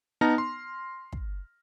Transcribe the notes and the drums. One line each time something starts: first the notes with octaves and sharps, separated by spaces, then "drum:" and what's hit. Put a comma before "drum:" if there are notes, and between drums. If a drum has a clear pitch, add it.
B3 D#4 A5 A#5 F6 A#6
C6
drum: kick